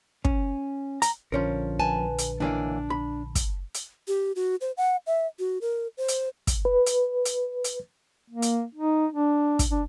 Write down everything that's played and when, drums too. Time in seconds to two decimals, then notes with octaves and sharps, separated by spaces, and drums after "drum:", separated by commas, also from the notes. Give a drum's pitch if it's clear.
0.25 C#4, drum: kick
1.02 A#5, drum: hi-hat
1.32 A#1 D3 F3 C#4 A#4
1.79 B4 G#5 A5
2.18 drum: hi-hat
2.40 C#2 E3 A#3 D4
2.90 B5
3.35 drum: kick, hi-hat
3.74 drum: hi-hat
4.08 G4
4.36 F#4
4.61 C5
4.77 F#5
5.07 E5
5.39 F#4
5.61 A#4
5.97 C5
6.08 drum: hi-hat
6.47 drum: kick, hi-hat
6.65 B4
6.86 drum: hi-hat
7.25 drum: hi-hat
7.64 drum: hi-hat
8.30 A#3
8.42 drum: hi-hat
8.75 D#4
9.13 D4
9.59 drum: kick, hi-hat
9.71 D4